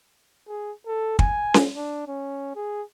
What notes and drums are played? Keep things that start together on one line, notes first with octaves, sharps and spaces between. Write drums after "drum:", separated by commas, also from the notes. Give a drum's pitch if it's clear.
G#4
A4
G#5, drum: kick
drum: snare C#4
D4
C#4
G#4